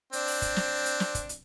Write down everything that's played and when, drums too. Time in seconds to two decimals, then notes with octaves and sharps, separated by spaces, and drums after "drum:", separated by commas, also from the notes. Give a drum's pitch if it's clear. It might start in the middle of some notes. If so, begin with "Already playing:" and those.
0.13 C4 D4, drum: hi-hat
0.27 drum: open hi-hat
0.42 drum: kick, hi-hat
0.56 drum: snare
0.86 drum: hi-hat
1.00 drum: snare
1.15 drum: kick, hi-hat
1.29 drum: hi-hat